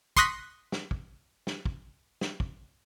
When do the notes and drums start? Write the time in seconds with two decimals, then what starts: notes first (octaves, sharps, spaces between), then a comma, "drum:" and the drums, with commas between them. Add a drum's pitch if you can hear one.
0.16 C6 C#6 D#6 F#6 A#6 B6, drum: kick
0.72 drum: snare
0.91 drum: kick
1.47 drum: snare
1.65 drum: kick
2.21 drum: snare
2.40 drum: kick